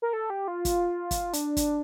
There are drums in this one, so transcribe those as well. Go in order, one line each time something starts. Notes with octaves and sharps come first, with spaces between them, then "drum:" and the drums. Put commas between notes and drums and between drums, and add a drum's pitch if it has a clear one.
A#4
A4
G4
F4
drum: kick, hi-hat
drum: kick, hi-hat
D4, drum: hi-hat
drum: kick, hi-hat